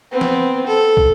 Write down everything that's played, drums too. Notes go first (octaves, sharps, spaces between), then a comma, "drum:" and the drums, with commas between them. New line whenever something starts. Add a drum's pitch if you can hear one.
B3 C4
drum: snare
A4
drum: kick